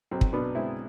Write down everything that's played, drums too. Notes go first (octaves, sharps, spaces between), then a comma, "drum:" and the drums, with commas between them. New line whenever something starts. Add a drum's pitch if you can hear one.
B1 C4
drum: kick
B2 B3 D4
G#3 C4 E4